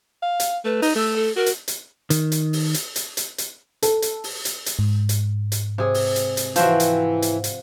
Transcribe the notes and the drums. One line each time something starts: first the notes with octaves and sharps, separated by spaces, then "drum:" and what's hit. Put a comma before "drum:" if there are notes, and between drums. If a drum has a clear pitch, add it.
F5
drum: hi-hat
A3 B4
D#4, drum: open hi-hat
A3 E6
A4
F#4 A#4
drum: hi-hat
drum: hi-hat
D#3, drum: hi-hat
drum: hi-hat
drum: open hi-hat
drum: hi-hat
drum: hi-hat
drum: hi-hat
drum: hi-hat
A4, drum: hi-hat
drum: hi-hat
drum: open hi-hat
drum: hi-hat
drum: hi-hat
G#2
drum: hi-hat
drum: hi-hat
C3 G#4
drum: open hi-hat
drum: hi-hat
drum: hi-hat
E3 F3 C4 F#4, drum: hi-hat
drum: hi-hat
drum: hi-hat
drum: hi-hat